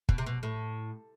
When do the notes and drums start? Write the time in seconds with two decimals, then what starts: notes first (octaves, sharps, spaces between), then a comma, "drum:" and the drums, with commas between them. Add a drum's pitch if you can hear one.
0.09 B2, drum: kick
0.18 C3
0.26 B2
0.43 A2